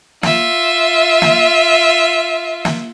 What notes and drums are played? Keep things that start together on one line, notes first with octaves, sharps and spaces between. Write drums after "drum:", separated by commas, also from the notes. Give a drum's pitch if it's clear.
F4 E5, drum: snare
drum: snare
drum: snare